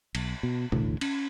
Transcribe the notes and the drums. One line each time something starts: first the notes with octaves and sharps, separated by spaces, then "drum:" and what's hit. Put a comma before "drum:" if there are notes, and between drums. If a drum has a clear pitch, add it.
B1, drum: cymbal
B2
D#1 A1 D2 A2, drum: tom B2
C#4, drum: cymbal